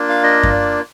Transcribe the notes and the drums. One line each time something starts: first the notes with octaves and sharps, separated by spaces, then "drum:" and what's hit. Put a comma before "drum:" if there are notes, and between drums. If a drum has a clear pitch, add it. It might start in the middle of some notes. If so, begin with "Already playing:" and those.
Already playing: A#3 D4 F4
F5
D#5
drum: kick F#2
D5